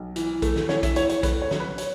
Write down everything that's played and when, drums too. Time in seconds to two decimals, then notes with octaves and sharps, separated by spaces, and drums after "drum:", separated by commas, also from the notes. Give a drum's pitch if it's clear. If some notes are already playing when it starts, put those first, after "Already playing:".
Already playing: B1
0.16 E3, drum: hi-hat
0.42 A3, drum: kick, hi-hat
0.56 drum: snare
0.69 E3 C#5, drum: snare
0.83 E5, drum: kick, hi-hat
0.96 A2 C#5, drum: hi-hat
1.09 C#5, drum: hi-hat
1.23 A3 B4, drum: kick, hi-hat
1.42 C#5
1.51 F#3, drum: snare
1.60 B4
1.78 C#5, drum: hi-hat